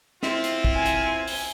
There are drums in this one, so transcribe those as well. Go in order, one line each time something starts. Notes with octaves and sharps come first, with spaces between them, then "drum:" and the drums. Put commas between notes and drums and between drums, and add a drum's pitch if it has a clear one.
C4 E4 F4, drum: snare
drum: hi-hat
drum: kick
G#5
drum: hi-hat
drum: open hi-hat